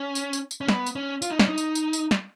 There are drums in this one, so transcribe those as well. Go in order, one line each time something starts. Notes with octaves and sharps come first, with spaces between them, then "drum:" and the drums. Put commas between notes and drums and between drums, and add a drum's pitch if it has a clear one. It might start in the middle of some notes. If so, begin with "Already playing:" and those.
Already playing: C#4
drum: tambourine
drum: tambourine
drum: tambourine
C#4
B3, drum: snare
drum: tambourine
C#4
F4, drum: tambourine
D#4
C#4, drum: snare
D#4
drum: tambourine
drum: tambourine
drum: tambourine
drum: snare